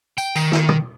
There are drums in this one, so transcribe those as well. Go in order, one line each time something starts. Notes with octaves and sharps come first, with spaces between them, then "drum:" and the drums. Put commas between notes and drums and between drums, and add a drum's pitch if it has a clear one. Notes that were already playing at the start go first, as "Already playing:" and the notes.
G5, drum: tambourine
D#3, drum: tambourine
drum: snare
drum: tom